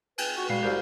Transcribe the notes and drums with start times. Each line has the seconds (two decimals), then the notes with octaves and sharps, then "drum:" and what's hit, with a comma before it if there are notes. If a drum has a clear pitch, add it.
0.18 B4 G5 G#5, drum: cymbal
0.37 F#4
0.49 A#2 G3 G#3 F#4 F5 C7
0.63 C2 G4 A#4 C5 F6 G6